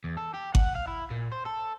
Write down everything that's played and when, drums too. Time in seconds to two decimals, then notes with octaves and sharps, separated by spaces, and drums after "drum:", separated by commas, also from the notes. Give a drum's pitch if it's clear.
0.04 E2
0.17 A4
0.34 G4
0.55 F#5, drum: kick G#1
0.76 F5
0.88 E4
1.10 A#2
1.32 C5
1.45 A4